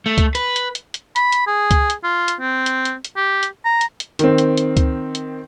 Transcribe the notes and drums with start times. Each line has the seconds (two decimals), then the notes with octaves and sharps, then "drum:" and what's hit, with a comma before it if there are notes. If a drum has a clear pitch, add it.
0.06 A3
0.18 drum: kick C#2, hi-hat
0.35 B4, drum: hi-hat
0.56 drum: hi-hat
0.75 drum: hi-hat
0.94 drum: hi-hat
1.16 B5, drum: hi-hat
1.32 drum: hi-hat
1.47 G#4
1.71 drum: kick C#2, hi-hat
1.90 drum: hi-hat
2.04 F4
2.28 drum: hi-hat
2.40 C4
2.66 drum: hi-hat
2.85 drum: hi-hat
3.05 drum: hi-hat
3.16 G4
3.43 drum: hi-hat
3.65 A#5
3.81 drum: hi-hat
4.00 drum: hi-hat
4.19 D#3 C4, drum: hi-hat
4.38 drum: hi-hat
4.57 drum: hi-hat
4.77 drum: kick C#2, hi-hat
5.15 drum: hi-hat